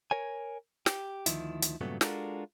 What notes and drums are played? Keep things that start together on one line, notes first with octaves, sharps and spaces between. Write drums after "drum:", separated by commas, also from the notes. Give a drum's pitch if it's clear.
A#4 C#5 G#5
G4, drum: snare
D2 D#3 F3 E4, drum: hi-hat
drum: hi-hat
G2 A#2 C#3 F#3 A3 B3
G#3 D4 F4 F#4 A4 A#4, drum: snare